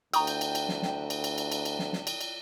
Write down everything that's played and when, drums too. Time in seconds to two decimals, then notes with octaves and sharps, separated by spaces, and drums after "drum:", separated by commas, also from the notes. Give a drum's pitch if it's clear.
0.14 D2 G5 A#5 C#6 D#6, drum: cymbal
0.27 drum: cymbal
0.41 drum: cymbal
0.55 drum: cymbal
0.69 drum: snare
0.83 drum: snare
1.10 drum: cymbal
1.24 drum: cymbal
1.38 drum: cymbal
1.52 drum: cymbal
1.65 drum: cymbal
1.79 drum: snare
1.93 drum: snare
2.07 drum: cymbal
2.21 drum: cymbal